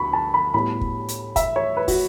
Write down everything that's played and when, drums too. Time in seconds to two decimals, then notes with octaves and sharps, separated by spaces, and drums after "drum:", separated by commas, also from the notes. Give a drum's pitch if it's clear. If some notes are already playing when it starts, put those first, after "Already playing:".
Already playing: D2 B5 C#6
0.13 A5
0.34 B5
0.54 A2 G3 B3 E4 B5
0.81 drum: kick
1.08 drum: hi-hat
1.36 E5, drum: kick, hi-hat
1.56 C#5
1.77 B4
1.88 F#4, drum: kick, open hi-hat